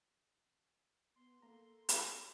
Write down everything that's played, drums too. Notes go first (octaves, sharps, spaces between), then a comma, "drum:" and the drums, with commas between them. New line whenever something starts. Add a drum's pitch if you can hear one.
B3 C6
A#3 A4 A#5
drum: hi-hat